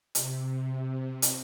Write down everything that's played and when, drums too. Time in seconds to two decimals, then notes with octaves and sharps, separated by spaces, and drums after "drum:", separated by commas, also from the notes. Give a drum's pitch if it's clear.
0.15 C3, drum: hi-hat
1.22 drum: hi-hat